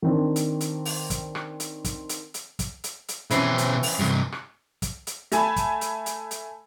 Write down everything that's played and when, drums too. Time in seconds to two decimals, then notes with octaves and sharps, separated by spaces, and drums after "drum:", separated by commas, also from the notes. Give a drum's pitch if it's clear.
0.02 D#3 C4 D4
0.36 drum: hi-hat
0.61 drum: hi-hat
0.85 drum: open hi-hat
1.10 drum: kick, hi-hat
1.35 drum: rim click
1.60 drum: hi-hat
1.85 drum: kick, hi-hat
2.09 drum: hi-hat
2.34 drum: hi-hat
2.59 drum: kick, hi-hat
2.84 drum: hi-hat
3.08 drum: hi-hat
3.30 B2 E3 C4 C#4 C5, drum: hi-hat
3.58 drum: hi-hat
3.83 drum: open hi-hat
3.99 G2 C3
4.32 drum: rim click
4.82 drum: kick, hi-hat
5.07 drum: hi-hat
5.32 A3 G#5 A5 B5, drum: hi-hat
5.56 drum: kick, hi-hat
5.81 drum: hi-hat
6.06 drum: hi-hat
6.31 drum: hi-hat